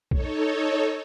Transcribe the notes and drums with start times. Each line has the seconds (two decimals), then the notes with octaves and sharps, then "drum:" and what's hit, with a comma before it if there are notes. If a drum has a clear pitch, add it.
0.11 D#4 A4 C#5, drum: kick B1